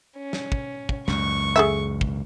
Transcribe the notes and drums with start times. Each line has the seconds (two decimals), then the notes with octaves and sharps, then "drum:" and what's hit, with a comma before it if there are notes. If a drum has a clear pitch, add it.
0.17 C#4
0.33 drum: snare
0.52 drum: kick
0.89 drum: kick
1.08 C#2 F#2 C#6, drum: snare
1.56 G#4 A4 E5
2.01 drum: kick